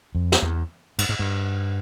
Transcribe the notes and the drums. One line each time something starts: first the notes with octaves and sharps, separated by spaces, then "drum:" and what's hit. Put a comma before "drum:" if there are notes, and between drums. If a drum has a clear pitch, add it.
F2
drum: snare
E2
G2, drum: cymbal
G#2
G2